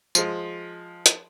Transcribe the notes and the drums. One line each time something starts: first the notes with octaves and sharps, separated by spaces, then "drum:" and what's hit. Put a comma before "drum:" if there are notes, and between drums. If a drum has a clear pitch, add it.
F3 G#3, drum: tambourine
drum: hi-hat